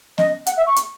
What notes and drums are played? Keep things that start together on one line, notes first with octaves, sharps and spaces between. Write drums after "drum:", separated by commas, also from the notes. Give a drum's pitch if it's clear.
D#5, drum: snare B3
F#5, drum: hi-hat
E5
C#6
drum: hi-hat